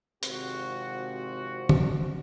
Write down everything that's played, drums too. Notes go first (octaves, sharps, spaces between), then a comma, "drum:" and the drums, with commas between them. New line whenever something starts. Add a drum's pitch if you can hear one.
G#1 C3 F3 C4 F#4, drum: hi-hat
drum: tom